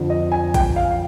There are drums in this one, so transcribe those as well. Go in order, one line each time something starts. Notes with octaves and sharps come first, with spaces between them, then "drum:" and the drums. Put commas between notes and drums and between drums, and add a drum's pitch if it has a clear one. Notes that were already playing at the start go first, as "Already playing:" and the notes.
Already playing: F2 D3 F3
D#5
G#5
G5, drum: kick, hi-hat
F5